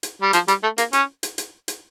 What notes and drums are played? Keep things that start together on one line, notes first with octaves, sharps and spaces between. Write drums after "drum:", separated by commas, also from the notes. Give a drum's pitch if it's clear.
drum: hi-hat
G3
F3, drum: hi-hat
G3, drum: hi-hat
A3
A#3, drum: hi-hat
C#4, drum: hi-hat
drum: hi-hat
drum: hi-hat
drum: hi-hat